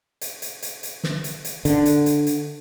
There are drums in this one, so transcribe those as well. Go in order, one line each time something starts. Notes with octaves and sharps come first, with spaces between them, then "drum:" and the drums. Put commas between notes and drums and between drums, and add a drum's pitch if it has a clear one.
drum: hi-hat
drum: hi-hat
drum: hi-hat
drum: hi-hat
drum: snare
drum: hi-hat
drum: hi-hat
D3, drum: hi-hat
drum: hi-hat
drum: hi-hat
drum: hi-hat